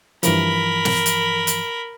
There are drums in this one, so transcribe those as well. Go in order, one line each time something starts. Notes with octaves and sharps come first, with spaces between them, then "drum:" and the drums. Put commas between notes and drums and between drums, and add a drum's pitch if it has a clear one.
G2 E3 F3 A#4 B5, drum: hi-hat
drum: snare
drum: hi-hat
drum: hi-hat